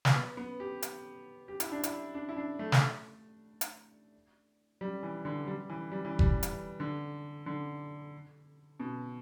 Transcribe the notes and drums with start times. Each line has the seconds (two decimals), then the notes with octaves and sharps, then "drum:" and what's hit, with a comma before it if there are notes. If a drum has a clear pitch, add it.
0.05 drum: snare
0.16 B3
0.37 B3
0.60 G4
0.82 drum: hi-hat
1.48 G4
1.60 E4, drum: hi-hat
1.72 D4
1.83 E4, drum: hi-hat
2.15 D4
2.29 E4
2.37 D4
2.59 A3
2.72 drum: snare
3.61 drum: hi-hat
4.81 G3
5.03 E3
5.25 D3
5.47 G3
5.69 E3
5.92 G3
6.05 E3
6.19 G3, drum: kick F1
6.43 drum: hi-hat
6.80 D3
7.46 D3
8.80 B2